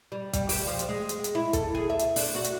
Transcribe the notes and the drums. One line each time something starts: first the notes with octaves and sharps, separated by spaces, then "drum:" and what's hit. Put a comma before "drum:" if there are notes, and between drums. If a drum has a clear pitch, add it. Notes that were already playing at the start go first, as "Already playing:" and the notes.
G3
G3, drum: kick, hi-hat
G4, drum: open hi-hat
F3
drum: hi-hat
G#3
drum: hi-hat
drum: hi-hat
E4
A4, drum: kick, hi-hat
G#4
E5
drum: hi-hat
D4, drum: open hi-hat
F#4
drum: hi-hat